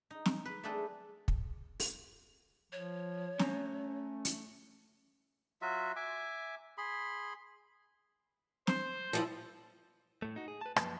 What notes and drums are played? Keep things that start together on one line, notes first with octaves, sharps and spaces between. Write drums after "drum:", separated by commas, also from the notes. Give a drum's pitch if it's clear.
D#4
drum: snare
B4
A3 D4 G#4 A4 B4 G5
drum: kick
drum: open hi-hat
F3 C#5
A3 C#4 A#5, drum: snare
drum: hi-hat
F#3 F4 F#4 E5
E5 G#5 D6
G#4 B5 C6
C5, drum: snare
F3 G3 E4
A2 A3
D#4 F#4
G#4
B4 A5
F#2 F3 A#3 B4 A5, drum: rim click